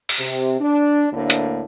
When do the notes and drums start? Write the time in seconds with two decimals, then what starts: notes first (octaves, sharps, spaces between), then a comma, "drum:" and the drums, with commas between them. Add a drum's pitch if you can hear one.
0.09 drum: open hi-hat
0.19 C3
0.61 D4
1.13 D2 A2 D3 A#3
1.30 drum: hi-hat